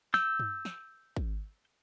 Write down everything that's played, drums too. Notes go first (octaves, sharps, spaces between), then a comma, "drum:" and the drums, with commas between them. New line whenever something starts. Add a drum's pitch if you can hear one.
E6 G6, drum: snare
drum: tom G2
drum: snare
drum: kick G#1